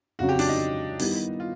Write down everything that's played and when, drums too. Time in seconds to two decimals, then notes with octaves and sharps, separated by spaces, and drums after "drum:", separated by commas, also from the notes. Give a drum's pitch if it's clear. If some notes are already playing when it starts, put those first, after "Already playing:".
0.19 F2 C#3 F#3 F#4
0.29 G4
0.39 D4, drum: open hi-hat
0.49 D#4
0.99 D#3 G3 B3 E4 G4, drum: open hi-hat
1.40 F4